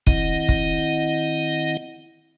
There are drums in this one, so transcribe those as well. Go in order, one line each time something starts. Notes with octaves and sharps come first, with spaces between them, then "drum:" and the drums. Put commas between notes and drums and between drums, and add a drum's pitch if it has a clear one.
D#3 C4 E4 D#5 F#5, drum: kick
drum: kick